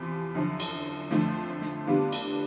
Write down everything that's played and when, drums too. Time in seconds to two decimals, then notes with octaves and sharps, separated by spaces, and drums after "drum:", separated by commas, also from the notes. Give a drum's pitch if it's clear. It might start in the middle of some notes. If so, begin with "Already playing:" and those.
Already playing: E2 C3 F3
0.35 F#2 D3 F3
0.60 drum: cymbal
1.11 F2 D3 F3 A3, drum: snare
1.62 drum: snare
1.86 D3 G3 B3 D4 F4
2.12 drum: cymbal